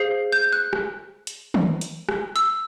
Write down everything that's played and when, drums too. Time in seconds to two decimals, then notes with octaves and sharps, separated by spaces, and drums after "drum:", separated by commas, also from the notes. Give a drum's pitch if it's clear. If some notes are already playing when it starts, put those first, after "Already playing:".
Already playing: G#4 C5 F5
0.32 G6
0.53 F#6
0.73 drum: rim click
1.27 drum: hi-hat
1.54 drum: tom D#3
1.81 drum: hi-hat
2.09 drum: rim click
2.36 E6, drum: hi-hat